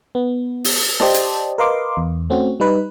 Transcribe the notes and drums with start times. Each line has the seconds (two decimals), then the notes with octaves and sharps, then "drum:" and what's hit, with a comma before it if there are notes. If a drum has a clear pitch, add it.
0.15 B3
0.64 drum: open hi-hat
1.00 G4 C5 D5 D#5 A5, drum: snare
1.14 drum: hi-hat
1.58 A#4 B4 D#5 F5 C6 D6
1.97 E2
2.30 A3 C4 C#4 F#4
2.60 G3 D#4 B4